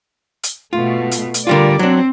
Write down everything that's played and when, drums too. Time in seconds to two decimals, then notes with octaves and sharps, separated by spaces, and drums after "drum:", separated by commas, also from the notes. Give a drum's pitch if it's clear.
0.43 drum: hi-hat
0.73 B2 A3 F4
1.11 drum: hi-hat
1.34 drum: hi-hat
1.47 D3 G3 F4 A#4 D5
1.79 F#3 C4 D4